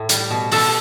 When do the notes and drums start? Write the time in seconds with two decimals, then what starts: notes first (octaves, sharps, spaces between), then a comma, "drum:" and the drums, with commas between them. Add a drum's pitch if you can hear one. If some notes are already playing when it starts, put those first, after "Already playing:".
Already playing: A2
0.09 G3, drum: hi-hat
0.30 B2
0.52 B2 A4, drum: open hi-hat